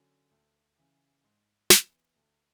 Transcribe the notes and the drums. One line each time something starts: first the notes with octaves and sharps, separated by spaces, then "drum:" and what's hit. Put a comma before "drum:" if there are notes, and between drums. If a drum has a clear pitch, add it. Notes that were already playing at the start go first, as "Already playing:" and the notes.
Already playing: D3 F#3 C#4
D2
C#3 E3
G#2
E3 B3, drum: snare
D2